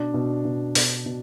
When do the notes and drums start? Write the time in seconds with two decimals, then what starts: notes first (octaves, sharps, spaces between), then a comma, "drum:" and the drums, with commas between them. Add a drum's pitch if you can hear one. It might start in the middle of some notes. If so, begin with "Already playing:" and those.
Already playing: B2 D4
0.14 B2
0.45 B2
0.75 B2, drum: open hi-hat
1.06 B2